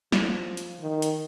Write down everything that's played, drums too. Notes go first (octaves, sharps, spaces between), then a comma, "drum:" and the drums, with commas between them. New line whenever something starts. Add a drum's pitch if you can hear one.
F3, drum: snare
drum: hi-hat
D#3
drum: hi-hat